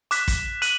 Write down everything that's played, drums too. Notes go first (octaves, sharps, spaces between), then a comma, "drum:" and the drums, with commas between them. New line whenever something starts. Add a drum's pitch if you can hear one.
D6 F#6 B6, drum: hi-hat
drum: kick, hi-hat
F#6 B6 D#7 F#7, drum: hi-hat